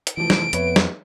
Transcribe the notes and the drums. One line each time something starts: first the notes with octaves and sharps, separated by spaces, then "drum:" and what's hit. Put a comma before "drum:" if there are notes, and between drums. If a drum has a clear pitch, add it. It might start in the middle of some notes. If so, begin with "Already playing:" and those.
drum: hi-hat
F1 E3 F3 D7
drum: snare
F2 B3 B4 C#5 E5, drum: hi-hat
drum: snare